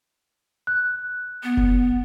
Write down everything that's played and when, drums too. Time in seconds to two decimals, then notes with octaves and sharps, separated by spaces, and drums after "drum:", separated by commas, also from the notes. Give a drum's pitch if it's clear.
0.67 F#6
1.43 B3
1.57 drum: kick F1